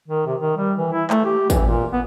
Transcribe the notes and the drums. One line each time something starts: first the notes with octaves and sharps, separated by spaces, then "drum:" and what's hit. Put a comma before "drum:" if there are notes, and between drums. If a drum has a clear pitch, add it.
D#3
C3
D#3
G3
E3
E4
A3, drum: clap
G4
E3, drum: kick, tambourine
A#2
B3